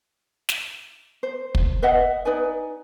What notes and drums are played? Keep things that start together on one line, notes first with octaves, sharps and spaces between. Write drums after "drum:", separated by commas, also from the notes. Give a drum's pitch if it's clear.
drum: snare
C5
drum: kick
B4 D#5 E5 F#5
D#4 B4 D5 G#5